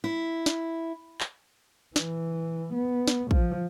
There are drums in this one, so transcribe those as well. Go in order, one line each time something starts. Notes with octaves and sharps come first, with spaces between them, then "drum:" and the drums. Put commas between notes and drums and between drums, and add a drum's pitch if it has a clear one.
E4
drum: snare
drum: clap
E3, drum: snare
B3
drum: snare
F3, drum: kick